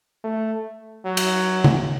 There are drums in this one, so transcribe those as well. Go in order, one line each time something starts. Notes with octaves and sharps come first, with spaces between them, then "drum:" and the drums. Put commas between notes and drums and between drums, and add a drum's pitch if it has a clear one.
A3
F#3
drum: cymbal
drum: tom C#3